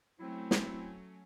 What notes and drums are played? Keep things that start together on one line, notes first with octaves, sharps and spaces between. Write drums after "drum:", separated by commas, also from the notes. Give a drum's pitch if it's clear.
F#3 A3 C4 C#4 E4
drum: snare